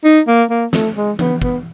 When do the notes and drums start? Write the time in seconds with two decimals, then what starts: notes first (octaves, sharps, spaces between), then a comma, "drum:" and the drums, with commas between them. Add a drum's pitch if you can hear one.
0.04 D#4
0.27 A#3
0.50 A#3
0.73 A3, drum: snare
0.96 G#3
1.19 B3, drum: tom E3
1.42 B3, drum: kick